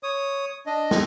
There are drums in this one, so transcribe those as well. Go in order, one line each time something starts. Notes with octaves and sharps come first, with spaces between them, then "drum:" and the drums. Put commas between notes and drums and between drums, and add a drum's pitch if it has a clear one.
C#5 D#6
D4 D#5
drum: snare